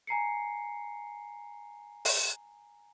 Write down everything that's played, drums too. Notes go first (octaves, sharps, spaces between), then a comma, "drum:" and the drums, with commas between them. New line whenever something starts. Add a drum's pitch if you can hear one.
G#5 A#5 C7 C#7
drum: open hi-hat